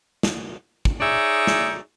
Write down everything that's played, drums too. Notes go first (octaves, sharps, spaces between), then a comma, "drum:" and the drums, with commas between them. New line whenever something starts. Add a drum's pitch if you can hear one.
drum: snare
drum: kick
D#4 G#4 C#5 D5 E5
drum: snare